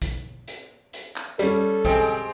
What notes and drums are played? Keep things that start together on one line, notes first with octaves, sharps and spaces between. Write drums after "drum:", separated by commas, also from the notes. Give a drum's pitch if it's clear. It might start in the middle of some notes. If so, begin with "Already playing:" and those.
drum: kick, hi-hat
drum: hi-hat
drum: hi-hat
drum: clap
G3 C#4 A4, drum: hi-hat
G#3 C4 G4, drum: kick, hi-hat